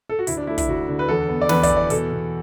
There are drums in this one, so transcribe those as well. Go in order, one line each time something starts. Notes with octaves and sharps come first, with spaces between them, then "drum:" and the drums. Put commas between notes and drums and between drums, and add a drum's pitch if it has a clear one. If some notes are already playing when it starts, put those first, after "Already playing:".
A4
F#4
D2 E4, drum: hi-hat
D4
A3 E4
E4, drum: kick, hi-hat
D2 F#4
D3
B4
E2 A4
B3
D5
E2 B4, drum: snare
D5, drum: kick, hi-hat
E3
D5
B2 A4, drum: hi-hat
B2